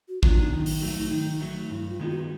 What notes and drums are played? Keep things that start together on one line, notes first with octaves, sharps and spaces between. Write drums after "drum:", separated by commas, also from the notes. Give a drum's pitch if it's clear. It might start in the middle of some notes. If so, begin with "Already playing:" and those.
F#4
F#3 B3 D4 F4, drum: kick A1
D#4
D#3
drum: open hi-hat
F#3 A3
D#3
F#3 A3
G2 E4
F4
D#3 G#3 B3 D#4
F#4